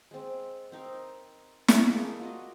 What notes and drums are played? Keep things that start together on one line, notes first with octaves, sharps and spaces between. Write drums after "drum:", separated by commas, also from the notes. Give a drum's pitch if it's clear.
G#3 C4
C4 D#4 A#4 C5
drum: snare
G#3 A#3 D#4 A4
F4 F#4 D5 D#5